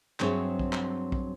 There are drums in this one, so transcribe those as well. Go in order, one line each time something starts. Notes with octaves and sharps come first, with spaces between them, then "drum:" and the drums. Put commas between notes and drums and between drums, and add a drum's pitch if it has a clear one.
G2 F#3 C4 G#4 C#5 E5, drum: clap
drum: kick
drum: clap
drum: kick